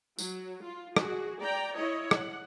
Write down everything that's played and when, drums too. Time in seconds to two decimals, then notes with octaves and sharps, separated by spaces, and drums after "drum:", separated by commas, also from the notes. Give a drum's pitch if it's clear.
0.19 F#3, drum: tambourine
0.63 F4
0.96 F#4 G#4, drum: rim click
1.41 D5 G5 A#5
1.77 E4 C#5 D#5
2.11 F#5, drum: rim click